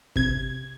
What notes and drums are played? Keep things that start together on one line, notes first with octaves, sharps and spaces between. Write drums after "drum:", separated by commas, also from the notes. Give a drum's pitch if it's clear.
C3 G#6, drum: kick